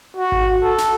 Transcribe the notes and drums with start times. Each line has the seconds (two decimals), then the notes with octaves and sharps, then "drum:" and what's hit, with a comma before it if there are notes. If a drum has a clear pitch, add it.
0.17 F#4
0.32 drum: kick G#1
0.63 A4
0.78 drum: snare